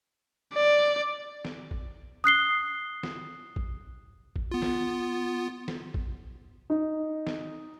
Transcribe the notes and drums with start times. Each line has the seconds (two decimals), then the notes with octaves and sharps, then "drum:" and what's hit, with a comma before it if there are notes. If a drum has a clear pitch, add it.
0.54 D5
1.45 drum: snare
1.71 drum: kick
2.24 D#6 F#6 C7 G7
3.03 drum: snare
3.56 drum: kick
4.36 drum: kick
4.51 B3 F4
4.62 drum: snare
5.68 drum: snare
5.94 drum: kick
6.70 D#4
7.27 drum: snare